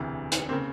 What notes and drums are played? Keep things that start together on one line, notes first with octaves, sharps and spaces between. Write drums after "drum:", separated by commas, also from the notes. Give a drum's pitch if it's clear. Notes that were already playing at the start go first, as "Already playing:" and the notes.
Already playing: E1 D2 C3 E3
drum: hi-hat
A#3 C4
C#3